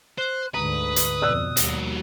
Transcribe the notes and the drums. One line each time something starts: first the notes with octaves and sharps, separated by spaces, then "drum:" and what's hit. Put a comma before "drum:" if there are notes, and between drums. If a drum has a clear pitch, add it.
C5 F#6
D2 G#2 D3 B4 A#5 D#6
drum: hi-hat
F2 B2 D5 E6 F#6
D#2 G3 F#4, drum: hi-hat